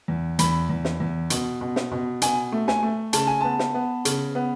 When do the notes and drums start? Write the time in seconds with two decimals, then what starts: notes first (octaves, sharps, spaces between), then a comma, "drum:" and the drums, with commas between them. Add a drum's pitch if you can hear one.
0.08 E2
0.39 E2 B5, drum: hi-hat
0.69 E2
0.85 drum: snare
1.00 E2
1.30 B2, drum: hi-hat
1.61 B2
1.76 drum: snare
1.91 B2
2.22 B2 G#5, drum: hi-hat
2.52 A3
2.68 G#5, drum: snare
2.83 A3
3.13 C#3 A5, drum: hi-hat
3.27 G#5
3.41 B3 A5
3.59 drum: snare
3.74 B3
4.05 C#3, drum: hi-hat
4.35 B3